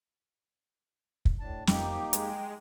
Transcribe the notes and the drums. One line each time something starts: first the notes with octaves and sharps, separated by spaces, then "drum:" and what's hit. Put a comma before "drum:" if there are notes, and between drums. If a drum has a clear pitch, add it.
drum: kick
A2 D4 A5
F2 A#3 D#4 G4 G5, drum: snare
G#3, drum: hi-hat